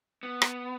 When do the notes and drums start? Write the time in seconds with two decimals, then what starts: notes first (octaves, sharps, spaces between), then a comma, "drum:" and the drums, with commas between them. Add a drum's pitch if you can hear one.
0.23 B3
0.42 drum: rim click